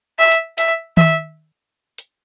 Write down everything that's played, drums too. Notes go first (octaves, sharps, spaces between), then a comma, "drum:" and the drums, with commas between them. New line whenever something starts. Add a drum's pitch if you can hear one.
E5
drum: hi-hat
E5, drum: hi-hat
E5, drum: tom D#3
drum: hi-hat